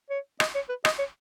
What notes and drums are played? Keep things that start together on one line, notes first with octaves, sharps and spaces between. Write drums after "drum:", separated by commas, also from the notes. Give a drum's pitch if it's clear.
C#5
D#5, drum: rim click
C#5
B4
D#5, drum: rim click
C#5